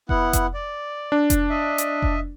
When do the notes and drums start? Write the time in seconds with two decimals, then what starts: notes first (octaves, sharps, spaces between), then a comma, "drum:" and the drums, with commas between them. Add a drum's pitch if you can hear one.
0.09 B3 E4 F#5, drum: kick F1
0.33 drum: kick F1, hi-hat
0.54 D5
1.12 D4
1.30 drum: kick F1, hi-hat
1.50 D#5 E5
1.78 drum: hi-hat
2.02 drum: kick F1